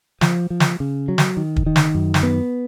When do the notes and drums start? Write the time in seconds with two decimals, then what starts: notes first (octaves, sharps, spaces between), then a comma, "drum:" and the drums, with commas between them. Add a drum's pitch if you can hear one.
0.21 F3, drum: snare
0.50 F3
0.60 drum: snare
0.80 C#3
1.08 F#3
1.18 drum: snare
1.37 D#3
1.56 drum: kick
1.66 D#3
1.76 drum: snare
1.95 F#2
2.14 drum: snare
2.23 B3